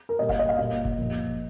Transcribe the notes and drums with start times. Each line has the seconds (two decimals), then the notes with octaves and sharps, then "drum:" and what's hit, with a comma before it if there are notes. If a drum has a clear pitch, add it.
0.09 A#4
0.19 A#2 G3 D#5
0.29 F5, drum: kick F#1
0.39 D#5
0.49 F5
0.58 A#2 G3 D#5
0.85 drum: kick F#1
0.98 A#2 F3